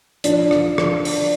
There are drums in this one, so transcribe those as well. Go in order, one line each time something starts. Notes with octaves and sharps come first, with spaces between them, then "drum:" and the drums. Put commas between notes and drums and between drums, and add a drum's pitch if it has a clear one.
F3 D4, drum: hi-hat
drum: rim click
drum: rim click
drum: open hi-hat